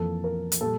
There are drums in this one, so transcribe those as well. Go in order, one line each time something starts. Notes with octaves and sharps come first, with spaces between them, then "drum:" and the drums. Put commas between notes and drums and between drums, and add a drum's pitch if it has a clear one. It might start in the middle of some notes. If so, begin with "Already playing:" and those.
Already playing: F2 E3 A#3 A4
A#4
drum: hi-hat
A#2 G3 A4